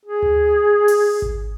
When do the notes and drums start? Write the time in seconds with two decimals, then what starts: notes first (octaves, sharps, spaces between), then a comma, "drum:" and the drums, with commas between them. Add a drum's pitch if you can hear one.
0.05 G#4
0.23 drum: tom D2
0.88 drum: open hi-hat
1.22 drum: kick G#1